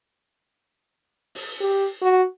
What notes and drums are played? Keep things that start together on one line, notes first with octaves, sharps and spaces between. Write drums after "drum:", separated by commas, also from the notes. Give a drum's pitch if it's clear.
drum: open hi-hat
G4
F#4